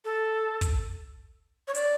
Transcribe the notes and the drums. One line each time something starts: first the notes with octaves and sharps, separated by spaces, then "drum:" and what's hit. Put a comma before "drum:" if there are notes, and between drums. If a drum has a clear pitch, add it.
A4
drum: kick, hi-hat
C#5
D5, drum: hi-hat